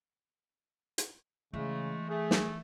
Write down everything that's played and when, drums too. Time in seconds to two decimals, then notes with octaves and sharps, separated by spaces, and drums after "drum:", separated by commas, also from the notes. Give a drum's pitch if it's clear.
0.98 drum: hi-hat
1.54 C#3 E3 G#3 A3
2.09 A3 G#4
2.31 drum: snare